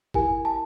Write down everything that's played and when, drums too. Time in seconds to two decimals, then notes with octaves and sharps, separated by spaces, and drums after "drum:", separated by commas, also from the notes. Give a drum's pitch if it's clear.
0.14 E4 G4 A#4 G#5, drum: kick G#1
0.45 A5